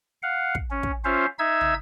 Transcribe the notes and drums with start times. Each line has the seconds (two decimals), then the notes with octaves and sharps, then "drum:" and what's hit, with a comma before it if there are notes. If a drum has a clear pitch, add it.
0.23 F5 F#5
0.55 drum: kick
0.71 C#4
0.83 drum: kick
1.05 C#4 F4 C5 E5 F5
1.39 D#4 E5 E6 G#6
1.61 drum: tom